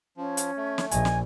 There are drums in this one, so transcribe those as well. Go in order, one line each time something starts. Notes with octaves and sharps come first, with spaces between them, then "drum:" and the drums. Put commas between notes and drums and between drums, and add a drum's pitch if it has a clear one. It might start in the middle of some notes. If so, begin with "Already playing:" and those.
F3 C#4
drum: hi-hat
A3
drum: snare
A#1 D#5 G#5, drum: hi-hat
drum: snare